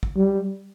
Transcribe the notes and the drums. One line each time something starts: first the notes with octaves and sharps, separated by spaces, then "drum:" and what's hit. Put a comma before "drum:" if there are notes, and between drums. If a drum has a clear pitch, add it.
drum: kick
G3